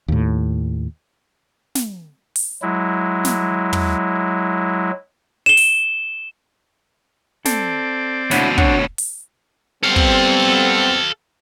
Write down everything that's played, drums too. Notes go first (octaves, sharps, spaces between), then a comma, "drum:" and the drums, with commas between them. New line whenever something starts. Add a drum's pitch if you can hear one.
D#2 A2
drum: snare
drum: open hi-hat
F#3 G#3 E4
drum: snare
drum: tom
E7 G7
drum: open hi-hat
C4 A4 D5, drum: snare
D2 B2 D4 E4 C#5 F#5, drum: snare
D4 C#5 F#5, drum: kick
drum: open hi-hat
G3 B3 C4 A4 F5
drum: kick